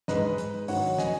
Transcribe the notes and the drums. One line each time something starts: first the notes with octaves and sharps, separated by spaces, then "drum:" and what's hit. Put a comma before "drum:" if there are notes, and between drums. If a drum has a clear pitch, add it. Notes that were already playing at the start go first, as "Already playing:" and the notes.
G#2 G#3 B4 D#5, drum: snare
drum: hi-hat
G#2 D#3 F#3 C#5 F#5, drum: open hi-hat
D#5 G#5, drum: snare